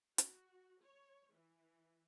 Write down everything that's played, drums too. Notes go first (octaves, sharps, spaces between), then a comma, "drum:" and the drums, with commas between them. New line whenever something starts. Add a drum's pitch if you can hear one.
F#4, drum: hi-hat
C#5
E3